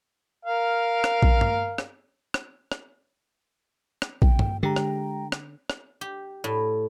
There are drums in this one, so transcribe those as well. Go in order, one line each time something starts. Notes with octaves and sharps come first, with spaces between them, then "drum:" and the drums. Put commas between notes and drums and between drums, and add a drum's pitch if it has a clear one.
A#4 F5
drum: rim click
drum: kick A#1
drum: tom G2
drum: rim click
drum: rim click
drum: rim click
drum: rim click
G5, drum: kick A#1
drum: tom G2
D3 G#3 G4 G5 A#5
drum: rim click
drum: rim click
drum: rim click
G4
A2